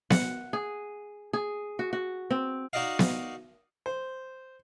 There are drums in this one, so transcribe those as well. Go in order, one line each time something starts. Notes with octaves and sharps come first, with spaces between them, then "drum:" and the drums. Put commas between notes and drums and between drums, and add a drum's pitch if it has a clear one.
F#5, drum: snare B3
G#4
G#4
F#4
F#4
C4
D#4 F#4 D5 D#5 F5
drum: snare B3
C5